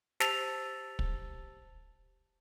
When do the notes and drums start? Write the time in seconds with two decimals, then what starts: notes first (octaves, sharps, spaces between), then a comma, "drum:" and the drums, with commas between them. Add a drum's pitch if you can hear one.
0.20 G4 C5 A5 E6 A6 F7, drum: snare
0.99 drum: kick